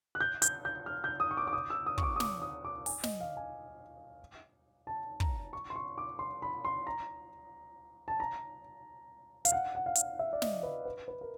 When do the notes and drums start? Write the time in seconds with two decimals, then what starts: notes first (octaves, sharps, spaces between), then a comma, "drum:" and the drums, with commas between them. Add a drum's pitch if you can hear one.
0.15 F#6
0.20 G6
0.42 G6, drum: hi-hat
0.65 G6
0.86 F6
1.04 G6
1.20 D#6
1.31 C#6
1.37 D6
1.47 D6
1.53 D#6
1.70 E6
1.86 D#6
1.98 C#6, drum: kick
2.03 D6
2.16 D#6
2.20 D6, drum: snare
2.42 D#6
2.65 D6
2.86 G#5, drum: open hi-hat
3.03 D#5, drum: snare
3.20 F5
3.37 G#5
4.87 A5
5.20 A#5, drum: kick
5.53 C#6
5.70 C6
5.76 C#6
5.98 D6
6.19 C6
6.42 B5
6.65 C6
6.87 A#5
8.08 A5
8.20 A#5
9.45 F5, drum: hi-hat
9.52 F#5
9.75 F#5
9.86 F5
9.95 drum: hi-hat
10.19 E5
10.33 D5
10.42 D#5, drum: snare
10.63 B4
10.85 B4
11.08 B4
11.21 A#4